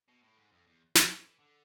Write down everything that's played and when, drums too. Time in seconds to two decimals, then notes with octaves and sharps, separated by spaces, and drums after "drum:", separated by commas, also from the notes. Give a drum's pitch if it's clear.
0.09 B2
0.23 A2
0.37 G#2
0.52 F2
0.67 E2
0.95 E2, drum: snare
1.06 G#2
1.10 F2
1.24 E3
1.39 D3